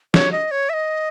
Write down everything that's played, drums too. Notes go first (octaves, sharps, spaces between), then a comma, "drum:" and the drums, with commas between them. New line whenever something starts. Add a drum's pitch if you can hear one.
C#5, drum: snare
D#5
C#5
E5
D#5